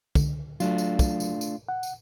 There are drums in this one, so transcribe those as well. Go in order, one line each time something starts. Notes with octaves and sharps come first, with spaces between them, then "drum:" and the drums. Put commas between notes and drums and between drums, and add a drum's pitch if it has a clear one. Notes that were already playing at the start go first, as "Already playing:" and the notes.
C#2 D3, drum: kick, tambourine
F#3 A3 D4 F4, drum: tambourine
drum: tambourine
drum: kick, tambourine
drum: tambourine
drum: tambourine
F#5
drum: tambourine